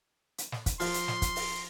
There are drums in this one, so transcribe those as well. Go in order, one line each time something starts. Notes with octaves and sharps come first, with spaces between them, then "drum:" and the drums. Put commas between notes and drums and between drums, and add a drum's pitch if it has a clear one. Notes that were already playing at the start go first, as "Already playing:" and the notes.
drum: hi-hat
drum: snare
drum: kick, hi-hat
F3 C6, drum: open hi-hat
drum: hi-hat
drum: snare
drum: kick, hi-hat
drum: open hi-hat